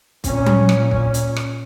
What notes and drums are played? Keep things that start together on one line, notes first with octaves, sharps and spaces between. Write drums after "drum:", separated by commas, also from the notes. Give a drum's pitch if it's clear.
A#2 C#4, drum: kick, hi-hat
drum: tom F#3
drum: rim click
drum: kick
drum: hi-hat
drum: rim click